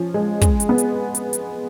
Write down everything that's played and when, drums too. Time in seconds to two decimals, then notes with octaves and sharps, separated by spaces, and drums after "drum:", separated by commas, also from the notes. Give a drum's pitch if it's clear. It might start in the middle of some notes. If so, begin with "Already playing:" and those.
Already playing: F3 C#4
0.14 G#3
0.41 G#3, drum: kick, hi-hat
0.60 drum: hi-hat
0.69 B3
0.78 drum: hi-hat
1.15 drum: hi-hat
1.33 drum: hi-hat